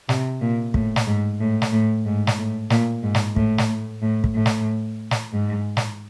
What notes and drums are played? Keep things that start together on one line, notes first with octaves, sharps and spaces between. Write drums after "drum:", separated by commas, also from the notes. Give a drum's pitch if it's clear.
C3, drum: snare
A#2
A2, drum: kick
drum: snare
G#2
A2
drum: snare
A2
G#2
drum: snare
A2
A#2, drum: snare
G#2
drum: snare
A2, drum: kick
drum: snare
A2
A2
drum: kick
A2
drum: snare
drum: snare
G#2
drum: snare